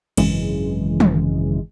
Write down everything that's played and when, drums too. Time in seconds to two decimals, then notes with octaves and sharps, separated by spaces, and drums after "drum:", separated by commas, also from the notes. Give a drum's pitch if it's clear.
0.17 G#1 F#2 C#3 E3 G#3, drum: cymbal
1.00 drum: tom